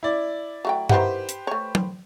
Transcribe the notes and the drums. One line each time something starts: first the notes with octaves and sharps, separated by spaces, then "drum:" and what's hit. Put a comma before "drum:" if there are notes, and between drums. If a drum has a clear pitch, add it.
E4 D5
F#3 A3 G5
D#3 E4 G4 B4 C5 F#5, drum: tom G2
drum: hi-hat
A3 C#5
drum: tom